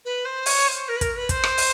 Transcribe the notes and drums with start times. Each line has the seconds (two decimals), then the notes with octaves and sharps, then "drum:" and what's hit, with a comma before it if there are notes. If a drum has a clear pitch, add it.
0.05 B4
0.25 C5
0.46 C#5, drum: open hi-hat
0.67 C5
0.88 A#4
0.96 B4
1.01 A#4, drum: kick, hi-hat
1.15 B4
1.29 C5, drum: kick, hi-hat
1.44 drum: rim click
1.57 drum: open hi-hat